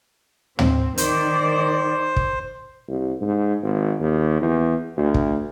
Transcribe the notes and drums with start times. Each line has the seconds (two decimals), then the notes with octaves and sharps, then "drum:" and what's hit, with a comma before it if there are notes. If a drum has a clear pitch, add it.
0.59 C4, drum: tom
0.98 D#3 C5 D5, drum: hi-hat
2.16 drum: kick
2.88 C2
3.21 G#2
3.63 G#1
4.00 D#2
4.42 E2
4.97 D2
5.14 drum: kick